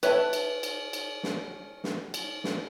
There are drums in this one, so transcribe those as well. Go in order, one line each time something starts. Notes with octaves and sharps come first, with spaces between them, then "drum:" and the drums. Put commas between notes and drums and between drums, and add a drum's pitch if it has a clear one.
B4 C#5 E5 G#5 A5, drum: cymbal
drum: cymbal
drum: cymbal
drum: cymbal
drum: snare
drum: snare
drum: cymbal
drum: snare